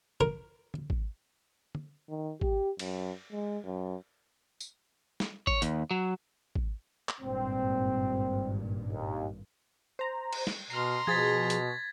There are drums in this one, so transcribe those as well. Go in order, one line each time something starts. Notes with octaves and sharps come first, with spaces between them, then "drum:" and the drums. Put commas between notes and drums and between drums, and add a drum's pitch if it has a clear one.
A#4, drum: tom
drum: tom
drum: kick G#1
drum: tom
D#3
G4, drum: kick G#1
F#2, drum: cymbal
G#3
F#2
drum: tambourine
drum: snare
C#5, drum: kick G#1
D#2, drum: hi-hat
F#3
drum: kick G#1
drum: clap
G#1 G2 A#2 C4
D#2
C5 A#5
drum: cymbal
drum: snare
B2 A#5 C6 F6 C7
B2 F3 G#4 G#6 A6 B6
drum: hi-hat